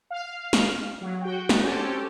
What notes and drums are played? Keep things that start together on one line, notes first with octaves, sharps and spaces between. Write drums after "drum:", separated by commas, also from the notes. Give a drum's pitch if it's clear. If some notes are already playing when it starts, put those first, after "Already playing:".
F5
drum: snare
F#3
F#4 G5
drum: snare
C4 C#4 G4 A4